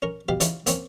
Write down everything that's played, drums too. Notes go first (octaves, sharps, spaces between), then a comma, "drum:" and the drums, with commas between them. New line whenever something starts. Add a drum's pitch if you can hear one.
C#4 A#4
B2 G4 F5
E3 C#4 D#4 F4 G#4, drum: hi-hat
A#3 C4 C#4, drum: hi-hat